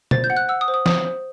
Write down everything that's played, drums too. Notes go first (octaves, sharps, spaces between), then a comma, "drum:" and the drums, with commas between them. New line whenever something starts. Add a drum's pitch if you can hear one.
C5 A6, drum: tom B2
G6
F#5
F#6
F#5 E6
D#6
C5
D#6
C5 D#6, drum: snare
C5